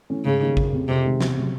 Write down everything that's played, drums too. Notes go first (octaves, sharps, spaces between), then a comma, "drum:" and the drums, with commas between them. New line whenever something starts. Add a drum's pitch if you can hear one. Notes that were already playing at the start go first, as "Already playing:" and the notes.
E3 A3 C#4
G#2 C#3
D#3 G3 A#3
F#1, drum: kick
F2 C3
F2 C3
C3 D#3 G#3
E1, drum: snare
C#3 F#3